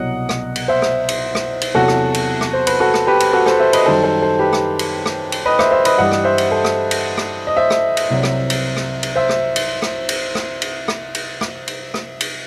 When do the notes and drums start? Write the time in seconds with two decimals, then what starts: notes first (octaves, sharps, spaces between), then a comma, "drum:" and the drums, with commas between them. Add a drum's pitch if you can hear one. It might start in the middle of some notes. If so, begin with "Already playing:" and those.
Already playing: C2 B2 F#3 D#5 F#5
0.29 drum: rim click
0.56 drum: cymbal
0.68 C5 E5
0.82 drum: rim click
1.09 drum: cymbal
1.35 drum: rim click
1.61 drum: cymbal
1.74 E2 C3 F#3 F#4 A4
1.88 drum: rim click
2.14 drum: cymbal
2.41 drum: rim click
2.53 C5
2.67 B4, drum: cymbal
2.80 F#4 A4
2.94 drum: rim click
3.07 G4 B4
3.20 drum: cymbal
3.33 F#4 A4
3.46 A4 C5, drum: rim click
3.59 C5 E5
3.73 B4 D#5, drum: cymbal
3.86 F#2 D#3 G3 A4 C5
4.04 A4 C5
4.22 A4 C5
4.39 G4 B4
4.53 drum: rim click
4.79 drum: cymbal
5.06 drum: rim click
5.32 drum: cymbal
5.46 B4 D#5
5.59 C5 E5, drum: rim click
5.71 C5 E5
5.85 B4 D#5, drum: cymbal
5.98 G2 E3 G3 D#5 F#5
6.12 drum: rim click
6.25 C5 E5
6.38 drum: cymbal
6.51 A4 C5
6.64 drum: rim click
6.91 drum: cymbal
7.17 drum: rim click
7.47 D#5
7.57 C5 E5
7.70 drum: rim click
7.97 drum: cymbal
8.10 C2 C3 F#3
8.23 drum: rim click
8.50 drum: cymbal
8.76 drum: rim click
9.03 drum: cymbal
9.15 C5 E5
9.29 drum: rim click
9.56 drum: cymbal
9.82 drum: rim click
10.09 drum: cymbal
10.35 drum: rim click
10.62 drum: cymbal
10.88 drum: rim click
11.15 drum: cymbal
11.41 drum: rim click
11.68 drum: cymbal
11.94 drum: rim click
12.20 drum: cymbal